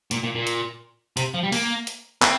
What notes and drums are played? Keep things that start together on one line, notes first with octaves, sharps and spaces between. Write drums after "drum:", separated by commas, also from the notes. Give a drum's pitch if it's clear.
A#2, drum: hi-hat
A#2
A#2
drum: hi-hat
C3, drum: hi-hat
F3
G3
A#3, drum: open hi-hat
drum: hi-hat
C4, drum: clap